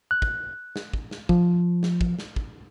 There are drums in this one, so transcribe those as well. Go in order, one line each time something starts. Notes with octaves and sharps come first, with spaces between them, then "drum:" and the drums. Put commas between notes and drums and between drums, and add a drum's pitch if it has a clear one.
F#6
drum: kick
drum: snare
drum: kick
drum: snare
F3, drum: kick
drum: snare
drum: kick
drum: snare
drum: kick